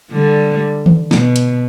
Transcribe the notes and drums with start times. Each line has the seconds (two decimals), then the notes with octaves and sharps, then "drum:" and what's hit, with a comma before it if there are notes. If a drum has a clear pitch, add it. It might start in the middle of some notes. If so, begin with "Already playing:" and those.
0.11 D3 G3
0.86 drum: tom D#3
1.11 B2, drum: snare
1.36 drum: hi-hat